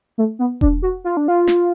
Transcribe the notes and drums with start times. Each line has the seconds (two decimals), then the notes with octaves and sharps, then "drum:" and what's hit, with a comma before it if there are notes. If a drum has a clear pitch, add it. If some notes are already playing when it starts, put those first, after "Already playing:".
0.18 A3
0.39 B3
0.61 D4, drum: kick E1
0.82 F#4
1.04 F4
1.17 D4
1.28 F4
1.47 drum: snare